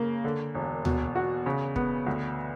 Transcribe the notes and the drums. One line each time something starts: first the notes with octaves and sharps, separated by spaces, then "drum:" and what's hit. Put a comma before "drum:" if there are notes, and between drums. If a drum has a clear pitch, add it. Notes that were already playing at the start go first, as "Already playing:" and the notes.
Already playing: C#3 A#3
D3
E1
B2, drum: tom D2
F#4
C#3
B3, drum: kick
D2